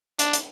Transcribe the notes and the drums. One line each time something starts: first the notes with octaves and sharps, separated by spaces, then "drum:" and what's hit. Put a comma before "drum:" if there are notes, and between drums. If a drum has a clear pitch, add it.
D4, drum: hi-hat
drum: hi-hat